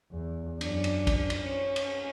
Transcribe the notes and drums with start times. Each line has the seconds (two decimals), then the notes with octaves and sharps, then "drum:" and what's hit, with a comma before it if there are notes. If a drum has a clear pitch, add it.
0.12 E2
0.61 F#2 D4, drum: cymbal
0.84 drum: cymbal
1.07 drum: kick, cymbal
1.30 drum: cymbal
1.45 C#4
1.76 drum: cymbal